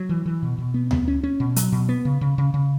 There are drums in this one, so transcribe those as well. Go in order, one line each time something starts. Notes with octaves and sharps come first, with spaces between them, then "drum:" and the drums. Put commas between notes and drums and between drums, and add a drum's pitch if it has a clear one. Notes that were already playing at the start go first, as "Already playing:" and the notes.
Already playing: F#3
E3
E3
B2
B2
B3
B3, drum: tom D2
C#4
C#4
B2
F#3, drum: hi-hat
B2
B3
C#3
C#3
C#3
C#3